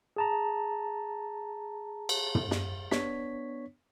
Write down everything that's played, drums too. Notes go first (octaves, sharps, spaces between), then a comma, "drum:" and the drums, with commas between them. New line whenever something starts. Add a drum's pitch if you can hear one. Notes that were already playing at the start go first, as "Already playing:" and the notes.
G#4 A5 A#5
drum: cymbal
drum: tom
drum: snare
B3 D4 C#5 B6, drum: snare